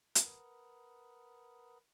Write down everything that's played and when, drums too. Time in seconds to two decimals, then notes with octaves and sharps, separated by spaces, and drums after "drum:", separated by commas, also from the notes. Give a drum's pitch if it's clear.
0.15 A#4 B4 F#5 A#5 B5 D#6, drum: hi-hat